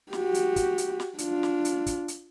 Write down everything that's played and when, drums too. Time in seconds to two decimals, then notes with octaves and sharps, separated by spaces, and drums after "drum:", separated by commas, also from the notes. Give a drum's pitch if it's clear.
0.13 F#4 G4, drum: snare
0.34 drum: hi-hat
0.56 drum: kick, hi-hat
0.78 drum: hi-hat
1.00 drum: snare
1.18 D4 F4, drum: hi-hat
1.43 drum: snare
1.65 drum: hi-hat
1.86 drum: kick, hi-hat
2.08 drum: hi-hat